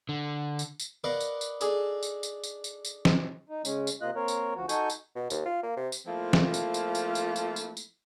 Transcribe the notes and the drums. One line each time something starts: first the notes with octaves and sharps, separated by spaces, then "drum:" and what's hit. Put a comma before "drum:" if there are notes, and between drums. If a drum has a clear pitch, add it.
D3
drum: tambourine
drum: tambourine
A#4 B4 D5 D#5 F5 F#5
drum: tambourine
drum: tambourine
D4 D#4 G#4 A4, drum: tambourine
drum: tambourine
drum: tambourine
drum: tambourine
drum: tambourine
drum: tambourine
drum: snare
D#4
C#3 G#3 C#4, drum: tambourine
drum: tambourine
C3 A#3 F4 D#5 F#6
A#3 C4 A#4 C#5
drum: tambourine
D2 F3 F#4
D#4 F#4 A4 G#5 C#6 G6, drum: tambourine
drum: tambourine
B2
D#2, drum: tambourine
F4
A#3
C3
drum: tambourine
F3 A3 A#3 C4 E4 F4
drum: snare
drum: tambourine
drum: tambourine
drum: tambourine
drum: tambourine
drum: tambourine
drum: tambourine
drum: tambourine